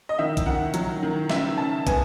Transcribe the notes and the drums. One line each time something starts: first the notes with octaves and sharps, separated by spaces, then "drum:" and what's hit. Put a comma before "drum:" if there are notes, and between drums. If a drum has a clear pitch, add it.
D#5
D#3 E5
drum: kick, hi-hat
D#3 F#5
F#3, drum: hi-hat
D#3
C#3 E5, drum: snare
C#3 A5
B3 G#5, drum: kick, hi-hat